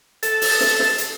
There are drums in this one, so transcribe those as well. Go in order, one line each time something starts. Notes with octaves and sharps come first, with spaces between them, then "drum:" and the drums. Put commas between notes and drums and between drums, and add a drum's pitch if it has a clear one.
A4, drum: hi-hat
drum: open hi-hat
drum: snare
drum: snare
drum: hi-hat